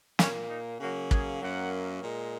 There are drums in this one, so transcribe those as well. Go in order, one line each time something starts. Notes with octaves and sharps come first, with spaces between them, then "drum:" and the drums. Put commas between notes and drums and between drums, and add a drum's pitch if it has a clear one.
A#2 A#3 C#4, drum: snare
D#4
C#3 F#3 A#3 F#4
G#4, drum: kick
F#2 F#3 A#3 F#5
A#2 G#3